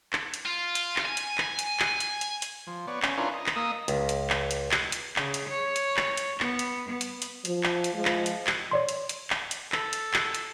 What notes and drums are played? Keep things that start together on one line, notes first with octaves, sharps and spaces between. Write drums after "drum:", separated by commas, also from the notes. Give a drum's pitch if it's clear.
drum: clap
drum: hi-hat
F4
drum: hi-hat
drum: clap
G#5
drum: hi-hat
drum: clap
drum: hi-hat
drum: clap
drum: hi-hat
drum: hi-hat
drum: hi-hat
F3
B3 C#5 D5
C#4, drum: clap
C#4 D4 E4 F4 A#4 B4
D#5
drum: clap
A#3 D#5 D#6 E6
C#2, drum: hi-hat
drum: hi-hat
drum: clap
drum: hi-hat
drum: clap
drum: hi-hat
C#3, drum: clap
drum: hi-hat
C#5
drum: hi-hat
drum: clap
drum: hi-hat
B3, drum: clap
drum: hi-hat
B3
drum: hi-hat
drum: hi-hat
F3, drum: hi-hat
drum: clap
drum: hi-hat
F3 G#3
drum: clap
drum: hi-hat
drum: clap
C#5 D5 C6
drum: hi-hat
drum: hi-hat
drum: clap
drum: hi-hat
A4, drum: clap
drum: hi-hat
drum: clap
drum: hi-hat